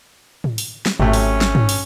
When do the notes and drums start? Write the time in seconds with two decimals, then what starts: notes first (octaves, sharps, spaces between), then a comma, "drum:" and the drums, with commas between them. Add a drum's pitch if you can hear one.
0.44 drum: tom
0.58 drum: open hi-hat
0.86 drum: snare
1.00 G#1 C3 F#3 A3 C#4, drum: tom
1.13 drum: open hi-hat
1.41 drum: snare
1.55 drum: tom
1.69 drum: open hi-hat